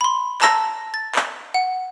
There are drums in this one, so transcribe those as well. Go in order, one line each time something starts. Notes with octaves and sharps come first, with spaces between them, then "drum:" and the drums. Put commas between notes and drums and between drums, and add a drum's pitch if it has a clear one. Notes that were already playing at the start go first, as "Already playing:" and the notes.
B5 C6
A5 A#5 E6 A#6, drum: clap
A6
drum: clap
F#5